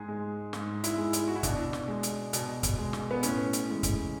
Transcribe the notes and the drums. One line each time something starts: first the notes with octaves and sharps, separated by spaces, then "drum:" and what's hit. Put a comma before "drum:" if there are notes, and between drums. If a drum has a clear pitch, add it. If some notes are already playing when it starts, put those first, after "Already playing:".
Already playing: G#2 G#4
G#3
G#2, drum: snare
E4, drum: hi-hat
G#3
E4, drum: hi-hat
F#4
E4
B2 D4, drum: kick, hi-hat
drum: snare
G#3
drum: hi-hat
B2, drum: hi-hat
drum: kick, hi-hat
G#3
drum: snare
B3
A2 C#4, drum: hi-hat
drum: hi-hat
E3 G#3
drum: kick, hi-hat